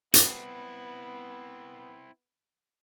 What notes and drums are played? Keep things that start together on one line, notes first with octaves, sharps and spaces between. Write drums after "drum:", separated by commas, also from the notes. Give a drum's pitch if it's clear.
B3 C4 E4, drum: hi-hat